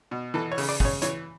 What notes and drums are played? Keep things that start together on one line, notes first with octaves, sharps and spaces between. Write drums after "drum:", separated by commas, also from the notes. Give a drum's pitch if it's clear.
B2
E3 A4
C#5
C#3, drum: open hi-hat
D5
C#3 C#5, drum: kick
E3 C#5, drum: hi-hat